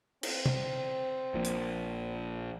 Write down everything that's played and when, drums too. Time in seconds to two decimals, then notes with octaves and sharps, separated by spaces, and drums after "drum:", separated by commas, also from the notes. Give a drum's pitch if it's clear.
0.23 C4, drum: cymbal
0.46 drum: tom C3
1.34 A#1 A#2
1.44 drum: hi-hat